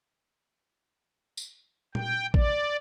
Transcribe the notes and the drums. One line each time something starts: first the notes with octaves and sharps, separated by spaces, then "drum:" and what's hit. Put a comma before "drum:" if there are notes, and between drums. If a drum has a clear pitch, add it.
drum: tambourine
G5, drum: tom A#2
D5, drum: kick A1